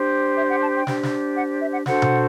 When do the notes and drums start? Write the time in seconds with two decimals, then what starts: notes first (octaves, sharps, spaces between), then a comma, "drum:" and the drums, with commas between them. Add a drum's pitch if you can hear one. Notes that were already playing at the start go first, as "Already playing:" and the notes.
Already playing: D4 G4 C5
0.37 E5
0.49 F#5
0.62 A5
0.75 G5
0.87 D4 G4 C5, drum: snare
1.03 drum: snare
1.36 F#5
1.61 E5
1.73 F#5
1.86 D4 F#4 A4 C5 F#5, drum: snare
2.02 drum: tom B2